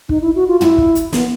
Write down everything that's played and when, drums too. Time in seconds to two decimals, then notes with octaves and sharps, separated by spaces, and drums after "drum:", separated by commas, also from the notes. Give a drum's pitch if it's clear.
0.09 D#4, drum: kick
0.22 E4
0.36 F#4
0.48 F4
0.61 E4, drum: tom
0.78 drum: kick
0.95 drum: hi-hat
1.12 B3, drum: snare